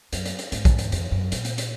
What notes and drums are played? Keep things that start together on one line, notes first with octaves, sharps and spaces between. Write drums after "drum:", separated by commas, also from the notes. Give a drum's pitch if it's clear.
F#2, drum: hi-hat
drum: hi-hat
drum: hi-hat
G#2, drum: hi-hat
drum: kick A#1, hi-hat
drum: hi-hat
F2, drum: hi-hat
F#2
A#2, drum: hi-hat
drum: hi-hat
drum: hi-hat